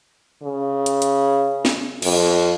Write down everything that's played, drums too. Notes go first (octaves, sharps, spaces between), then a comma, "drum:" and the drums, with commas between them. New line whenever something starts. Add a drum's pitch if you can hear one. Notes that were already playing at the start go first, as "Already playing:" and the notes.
C#3
drum: hi-hat
drum: hi-hat
drum: snare
F2, drum: cymbal